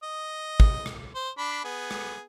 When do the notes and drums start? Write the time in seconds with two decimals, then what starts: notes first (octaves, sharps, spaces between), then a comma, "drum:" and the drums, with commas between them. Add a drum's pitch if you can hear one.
0.03 D#5
0.60 drum: kick
0.86 drum: rim click
1.15 C5
1.38 D4 B5
1.64 B3 G#4
1.91 drum: rim click